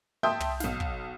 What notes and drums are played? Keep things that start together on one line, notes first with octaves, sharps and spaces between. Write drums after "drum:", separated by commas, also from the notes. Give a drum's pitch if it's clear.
E5 G5 A5 C6 D#6 G6
drum: tom
B1 F5, drum: snare
drum: kick